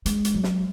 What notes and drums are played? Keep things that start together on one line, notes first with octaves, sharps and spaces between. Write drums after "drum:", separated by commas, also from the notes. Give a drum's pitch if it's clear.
G#3, drum: hi-hat
drum: hi-hat
F#3
drum: snare